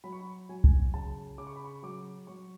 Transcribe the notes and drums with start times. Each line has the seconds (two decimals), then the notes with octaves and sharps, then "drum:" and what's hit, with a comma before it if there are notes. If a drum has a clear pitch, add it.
0.04 F#3 B5
0.12 C#6
0.21 B5
0.49 F#3 G#5
0.64 drum: kick C2
0.94 C#3 A5
1.38 C#3 D6
1.47 C#6
1.56 B5
1.65 C#6
1.83 F#3 D6
2.27 F#3 C#6